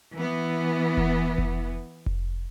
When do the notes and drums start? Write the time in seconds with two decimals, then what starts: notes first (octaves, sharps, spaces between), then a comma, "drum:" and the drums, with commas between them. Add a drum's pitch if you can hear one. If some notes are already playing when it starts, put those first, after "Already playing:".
0.15 E3 B3
0.97 drum: kick F1
1.38 drum: kick F1
2.06 drum: kick F1